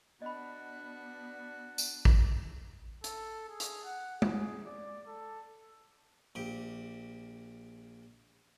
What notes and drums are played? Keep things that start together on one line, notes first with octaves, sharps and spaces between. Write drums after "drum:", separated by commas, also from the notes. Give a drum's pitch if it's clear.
B3 D4 F#4 D5 D#5 B5
drum: tambourine
drum: kick
A4, drum: hi-hat
G#4
drum: hi-hat
F#5
G#4, drum: tom
D5
A4
A#1 G4